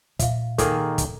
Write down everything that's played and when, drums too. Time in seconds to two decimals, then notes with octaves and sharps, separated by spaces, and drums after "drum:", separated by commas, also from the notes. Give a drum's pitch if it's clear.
0.19 A#2 F4 E5 F5, drum: kick, hi-hat
0.58 D#3 A#3 G#4 A4, drum: kick, hi-hat
0.98 drum: kick, hi-hat